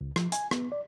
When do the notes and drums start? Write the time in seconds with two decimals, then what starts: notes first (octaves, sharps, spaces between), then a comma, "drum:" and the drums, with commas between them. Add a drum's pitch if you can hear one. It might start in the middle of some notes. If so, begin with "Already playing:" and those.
0.01 C#2
0.16 F3, drum: rim click
0.32 G#5, drum: hi-hat
0.51 B3, drum: rim click
0.72 D5